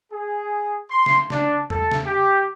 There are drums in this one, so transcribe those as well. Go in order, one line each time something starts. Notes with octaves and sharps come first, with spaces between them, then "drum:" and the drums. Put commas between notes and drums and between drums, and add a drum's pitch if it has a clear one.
G#4
C6
drum: snare
D4, drum: snare
A4, drum: tom
drum: snare
G4